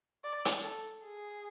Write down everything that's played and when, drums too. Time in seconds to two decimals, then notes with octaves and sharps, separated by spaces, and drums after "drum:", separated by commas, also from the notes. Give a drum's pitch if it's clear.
0.24 D5
0.45 drum: hi-hat
0.63 A4
1.04 G#4